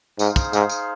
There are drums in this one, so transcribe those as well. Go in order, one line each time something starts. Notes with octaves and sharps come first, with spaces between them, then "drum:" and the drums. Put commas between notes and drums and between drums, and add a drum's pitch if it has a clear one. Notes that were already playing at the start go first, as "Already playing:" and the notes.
G#2 D#4 G#4 C5 F5, drum: tambourine
drum: kick, tambourine
G#2, drum: tambourine
drum: tambourine